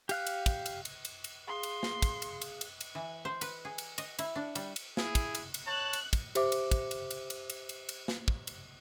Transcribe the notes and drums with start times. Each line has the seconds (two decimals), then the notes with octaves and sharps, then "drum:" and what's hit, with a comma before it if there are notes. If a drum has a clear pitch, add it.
0.09 G4 F5 F#6, drum: cymbal
0.27 drum: cymbal
0.46 drum: kick, cymbal
0.66 drum: cymbal
0.85 drum: cymbal
1.05 drum: cymbal
1.24 drum: cymbal
1.48 G#4 F5 C6 D#6
1.63 drum: cymbal
1.83 drum: snare
2.02 drum: kick, cymbal
2.22 drum: cymbal
2.42 drum: cymbal
2.61 drum: cymbal
2.81 drum: cymbal
2.95 E3
3.25 C5
3.41 B4, drum: cymbal
3.65 G#4
3.78 drum: cymbal
3.98 D#5, drum: cymbal
4.19 E4, drum: cymbal
4.36 D4
4.55 G3, drum: cymbal
4.76 drum: cymbal
4.97 E4 G#4, drum: snare
5.15 drum: kick, cymbal
5.35 drum: cymbal
5.54 drum: cymbal
5.67 C#5 A5 F#6
5.93 drum: cymbal
6.13 drum: kick, cymbal
6.35 G4 C5 E5 D6, drum: cymbal
6.52 drum: cymbal
6.71 drum: kick, cymbal
6.91 drum: cymbal
7.11 drum: cymbal
7.30 drum: cymbal
7.50 drum: cymbal
7.69 drum: cymbal
7.89 drum: cymbal
8.08 drum: snare
8.28 drum: kick
8.47 drum: cymbal